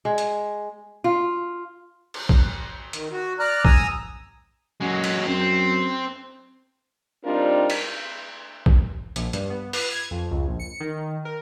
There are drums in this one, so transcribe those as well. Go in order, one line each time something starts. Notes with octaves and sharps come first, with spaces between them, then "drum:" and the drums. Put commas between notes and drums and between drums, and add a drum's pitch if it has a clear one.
G#3
drum: hi-hat
F4
drum: cymbal
drum: kick
D#3, drum: hi-hat
F#4
D5 A#5 F6 F#6
G#5 A#5 D#6 E6, drum: kick
F#2 F#3 G#3
drum: cymbal
F#2 C4
G3 C4 D4 D#4 F4 A#4
drum: cymbal
drum: kick
A#1, drum: hi-hat
G2, drum: hi-hat
B3
B4, drum: open hi-hat
G#6
F2
C#2
A#1
C#7
D#3
A#4